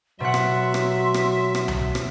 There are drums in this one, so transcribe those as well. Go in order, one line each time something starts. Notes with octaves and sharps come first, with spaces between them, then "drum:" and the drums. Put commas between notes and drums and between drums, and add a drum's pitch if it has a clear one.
B2 F#3 E5 F#5 C6
drum: rim click
drum: rim click
drum: rim click
drum: rim click
drum: tom C2
drum: rim click